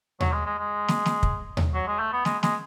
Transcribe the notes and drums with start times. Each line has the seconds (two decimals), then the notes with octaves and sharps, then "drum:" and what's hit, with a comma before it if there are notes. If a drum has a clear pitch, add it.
0.20 F#3, drum: tom D#2
0.32 G#3
0.46 G#3
0.58 G#3
0.88 drum: snare
1.06 drum: snare
1.23 drum: kick
1.57 drum: tom D#2
1.74 F#3
1.87 G#3
1.99 A3
2.13 B3
2.25 G#3, drum: snare
2.43 G#3, drum: snare